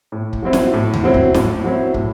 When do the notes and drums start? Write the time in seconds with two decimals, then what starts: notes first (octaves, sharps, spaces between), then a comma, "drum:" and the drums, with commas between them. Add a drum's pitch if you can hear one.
0.12 A2
0.33 drum: kick
0.42 F#3 C4 E4
0.53 drum: snare
0.73 A2
0.94 drum: tom D#2
1.03 F#3 C4 E4
1.14 drum: kick
1.34 A2, drum: snare
1.64 F#3 C4 E4
1.94 A2, drum: kick